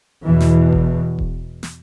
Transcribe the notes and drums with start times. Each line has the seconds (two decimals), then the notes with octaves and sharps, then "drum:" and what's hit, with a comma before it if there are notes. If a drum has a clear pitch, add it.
0.24 E2 B2 E3
0.40 drum: snare
0.72 drum: kick E1
1.19 drum: kick E1
1.63 drum: snare